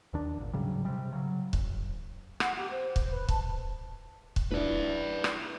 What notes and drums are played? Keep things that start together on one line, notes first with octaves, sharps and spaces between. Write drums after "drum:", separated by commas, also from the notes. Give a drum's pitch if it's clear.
D#2 D#3 D4
G#1 A#2
G#2 C#3 F#3 G3
C3 G3
C#3 F#3
F#1, drum: kick C#1
F#5, drum: rim click
G4
C5
drum: kick C#1
B4
A5, drum: kick C#1
drum: kick C#1
D4 E4 B4 D5
drum: rim click